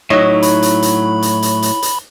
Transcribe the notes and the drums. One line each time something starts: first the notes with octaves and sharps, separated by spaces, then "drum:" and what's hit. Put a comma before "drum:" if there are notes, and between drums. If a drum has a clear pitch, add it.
A2 F#3 D#4 E4 C#5 D#5
B5, drum: hi-hat
drum: hi-hat
drum: hi-hat
drum: hi-hat
drum: hi-hat
drum: hi-hat
drum: hi-hat